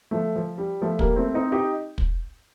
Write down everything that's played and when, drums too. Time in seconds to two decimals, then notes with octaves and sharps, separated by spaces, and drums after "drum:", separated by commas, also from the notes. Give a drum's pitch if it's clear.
0.11 F3 A3
0.36 F3
0.58 G3
0.82 F3 A3
0.99 G3 A#3, drum: kick
1.16 A3 C4
1.34 C4 D#4
1.52 D#4 G4
1.98 drum: kick